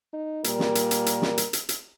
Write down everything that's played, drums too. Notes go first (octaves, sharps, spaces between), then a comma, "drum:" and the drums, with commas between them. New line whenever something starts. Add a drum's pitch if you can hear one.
D#4
A#2 G3 A#3 A#4, drum: hi-hat
drum: snare
drum: hi-hat
drum: hi-hat
drum: hi-hat
drum: snare
drum: hi-hat
drum: hi-hat
drum: hi-hat